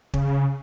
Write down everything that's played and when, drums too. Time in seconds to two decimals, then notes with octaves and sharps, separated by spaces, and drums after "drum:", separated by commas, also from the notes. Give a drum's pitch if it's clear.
0.14 C#3, drum: kick